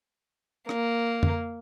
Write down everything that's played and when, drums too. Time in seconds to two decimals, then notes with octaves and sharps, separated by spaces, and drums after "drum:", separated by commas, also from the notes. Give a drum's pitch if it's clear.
0.69 A#3, drum: rim click
1.23 drum: tom F2